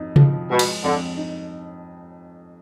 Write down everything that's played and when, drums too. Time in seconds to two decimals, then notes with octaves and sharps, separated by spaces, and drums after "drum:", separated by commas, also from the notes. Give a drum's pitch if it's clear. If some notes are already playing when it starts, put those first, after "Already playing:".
Already playing: F2 D#4
0.16 F3, drum: tom C3
0.50 B2 G#3
0.59 drum: cymbal
0.84 F2 D3
1.17 D#4